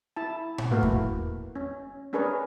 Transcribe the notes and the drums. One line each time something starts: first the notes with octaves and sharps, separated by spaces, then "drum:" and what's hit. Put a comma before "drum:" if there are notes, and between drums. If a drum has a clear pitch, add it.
E4 A5
drum: tom A2
A3 A#3 E4 F#4 B4 F5
drum: kick E2
C#4
C#4 D4 G#4 A#4 B4 C#5